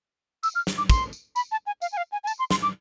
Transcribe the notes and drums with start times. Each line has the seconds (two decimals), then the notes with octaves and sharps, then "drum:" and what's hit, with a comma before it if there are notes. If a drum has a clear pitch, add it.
0.43 E6, drum: tambourine
0.55 F6
0.67 drum: snare
0.78 D6
0.90 C6, drum: kick, tambourine
1.13 drum: tambourine
1.36 B5, drum: tambourine
1.52 A5
1.67 G#5
1.82 F5, drum: tambourine
1.93 G#5
1.97 F5
2.12 G#5
2.24 G#5
2.27 A5, drum: tambourine
2.39 C6
2.51 C6, drum: snare
2.62 D6